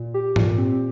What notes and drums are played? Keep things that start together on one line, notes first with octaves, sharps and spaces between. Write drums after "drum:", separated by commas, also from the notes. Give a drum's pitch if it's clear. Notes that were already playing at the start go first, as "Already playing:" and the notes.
Already playing: A#2
G4
A#2, drum: tom G#2
C4